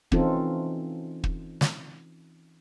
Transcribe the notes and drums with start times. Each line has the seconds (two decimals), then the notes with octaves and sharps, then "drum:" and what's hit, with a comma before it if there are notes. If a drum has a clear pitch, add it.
0.12 E3 C4 C#4 D#4 F4 A4, drum: kick
1.24 drum: kick
1.61 drum: snare